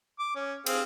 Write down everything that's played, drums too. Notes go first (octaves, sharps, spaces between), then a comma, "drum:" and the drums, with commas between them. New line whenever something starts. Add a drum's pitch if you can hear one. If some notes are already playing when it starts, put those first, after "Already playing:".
D6
C#4
C4 G#4 F5, drum: cymbal